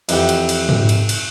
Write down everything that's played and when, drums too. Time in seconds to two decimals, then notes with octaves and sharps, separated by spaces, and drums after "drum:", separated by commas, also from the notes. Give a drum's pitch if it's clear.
0.09 F2 E3 G4 F#5, drum: cymbal
0.29 drum: cymbal
0.49 drum: cymbal
0.69 drum: tom G#2
0.89 drum: cymbal
1.09 drum: cymbal